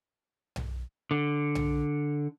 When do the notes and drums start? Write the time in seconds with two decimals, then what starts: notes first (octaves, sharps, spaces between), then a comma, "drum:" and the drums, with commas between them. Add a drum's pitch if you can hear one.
0.56 drum: tom B1
1.11 D3
1.55 drum: tom B1